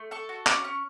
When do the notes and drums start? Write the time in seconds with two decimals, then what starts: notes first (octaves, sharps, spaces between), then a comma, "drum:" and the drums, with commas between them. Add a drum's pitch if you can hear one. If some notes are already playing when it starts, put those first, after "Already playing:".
Already playing: A3
0.11 A4 C#6
0.29 F#4
0.47 C#4 D6, drum: clap
0.64 C#4 C#6